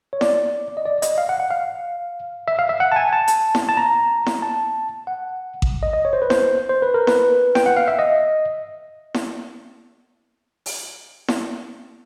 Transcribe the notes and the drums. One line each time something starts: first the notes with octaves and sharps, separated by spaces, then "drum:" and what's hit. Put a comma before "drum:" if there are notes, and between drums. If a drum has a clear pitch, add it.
C#5
D5, drum: snare E4
D#5
D5
D#5, drum: hi-hat
F5
F#5
F#5
F5
E5
F5
E5
F#5
A5
G#5
A5
drum: hi-hat
drum: snare E4
A5
A#5
drum: snare E4
A5
F#5
drum: kick A1
D#5
D#5
C#5
C5
B4
C5, drum: snare E4
C5
B4
A#4
B4, drum: snare E4
G5, drum: snare E4
F#5
F5
E5
D#5
drum: snare E4
drum: open hi-hat
drum: snare E4